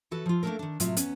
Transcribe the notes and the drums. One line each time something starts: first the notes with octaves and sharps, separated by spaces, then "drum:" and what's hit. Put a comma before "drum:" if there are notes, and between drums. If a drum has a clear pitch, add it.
E3 F#4 A4 B4
F3 F4
A3 A#3 C#4 D4 A4 A#4
D#3 D4
A2 C3 F#3 F4 E5, drum: hi-hat
E2 B3 C#4, drum: hi-hat